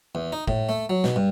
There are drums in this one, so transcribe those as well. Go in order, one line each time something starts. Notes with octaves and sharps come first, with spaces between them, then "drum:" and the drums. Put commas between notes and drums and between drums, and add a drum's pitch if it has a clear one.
E2
D#4
A2, drum: kick
A3
F#3
B2, drum: snare
G2